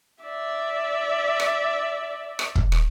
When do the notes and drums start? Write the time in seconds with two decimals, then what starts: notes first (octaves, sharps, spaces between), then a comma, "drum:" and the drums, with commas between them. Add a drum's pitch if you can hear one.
0.24 D5 E5
1.40 drum: rim click
2.39 drum: rim click
2.55 drum: kick
2.72 drum: rim click